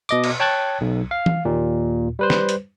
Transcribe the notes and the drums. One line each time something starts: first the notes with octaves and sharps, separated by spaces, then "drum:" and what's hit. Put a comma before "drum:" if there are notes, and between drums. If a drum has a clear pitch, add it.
B2 D#5 D6, drum: tambourine
drum: cymbal
C#5 G5 A5 F#6 G#6 A6
B1
F5
drum: tom E3
D#2 A#2
G3 B4 C5
drum: snare
drum: hi-hat